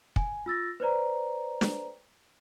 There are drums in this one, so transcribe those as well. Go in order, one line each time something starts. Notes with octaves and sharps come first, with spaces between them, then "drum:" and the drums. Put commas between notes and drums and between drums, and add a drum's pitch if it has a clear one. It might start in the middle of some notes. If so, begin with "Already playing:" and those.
G#5, drum: kick
F4 E6 A6 A#6
B4 C5 D5 A#5
drum: snare